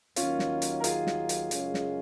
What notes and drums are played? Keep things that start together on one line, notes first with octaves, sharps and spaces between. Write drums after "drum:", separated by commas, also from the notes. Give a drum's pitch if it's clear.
D#2 D#3 F#3 A#3 C#4 F4, drum: hi-hat
drum: snare
drum: hi-hat
A#4
F4 G#4, drum: hi-hat
drum: snare
drum: hi-hat
F#2 C#3 G#3 C#4, drum: hi-hat
drum: snare